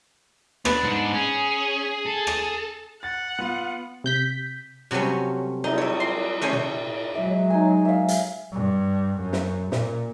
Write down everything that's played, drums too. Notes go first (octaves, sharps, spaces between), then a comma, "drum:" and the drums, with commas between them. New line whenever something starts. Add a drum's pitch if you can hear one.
B3 D4, drum: rim click
G#2
C#4 G#4
A4
drum: rim click
F#5 A6
B3 F4
C3 G6 B6
C3 F#3 G3 A3 B3 C#4
D#4, drum: cymbal
C#5 E5
C6
A3 C#4 C5 G#5
drum: tom
F#3 G#3 E5
D#4 G#5
E5 F5
drum: hi-hat
G2
F#2
drum: snare
A#2, drum: snare